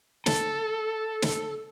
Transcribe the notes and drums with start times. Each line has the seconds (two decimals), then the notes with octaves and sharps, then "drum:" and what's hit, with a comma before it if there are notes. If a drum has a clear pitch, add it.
0.26 A4, drum: snare
1.22 drum: snare